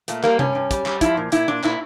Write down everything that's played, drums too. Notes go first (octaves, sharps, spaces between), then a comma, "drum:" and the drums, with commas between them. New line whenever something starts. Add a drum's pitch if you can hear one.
A#2 A3, drum: hi-hat
G3 A#3, drum: clap
G2 C#4, drum: tom C3
G2
G3, drum: kick, hi-hat
G3, drum: clap
F3 E4, drum: kick, hi-hat
A#2
A#2 E4, drum: hi-hat
A#2 D4
A#2 E4, drum: clap